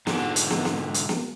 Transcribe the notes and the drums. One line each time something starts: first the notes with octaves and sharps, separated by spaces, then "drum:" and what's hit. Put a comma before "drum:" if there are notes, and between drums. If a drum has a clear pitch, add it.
G#2 D3, drum: snare
drum: hi-hat
drum: snare
drum: snare
drum: hi-hat
drum: snare